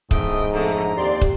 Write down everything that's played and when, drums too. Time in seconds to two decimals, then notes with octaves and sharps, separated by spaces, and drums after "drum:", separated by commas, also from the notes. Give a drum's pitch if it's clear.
0.11 E2 G#2 A3 D#5 G5 D#6, drum: kick
0.53 F2 D3 A3 D#5 A#5
0.97 D#2 C4 G4 D5 C6
1.21 drum: kick